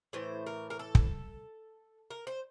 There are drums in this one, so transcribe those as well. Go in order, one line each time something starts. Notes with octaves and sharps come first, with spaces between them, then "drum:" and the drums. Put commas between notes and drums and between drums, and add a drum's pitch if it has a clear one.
A2 E3 C5
A#4
A#4
A4
drum: kick
A#4
C5